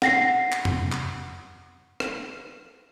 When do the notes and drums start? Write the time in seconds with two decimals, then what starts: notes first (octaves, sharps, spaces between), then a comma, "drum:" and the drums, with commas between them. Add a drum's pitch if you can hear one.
0.02 F#5 A#6 C7, drum: snare
0.52 drum: clap
0.65 drum: tom
0.92 drum: clap
2.00 drum: rim click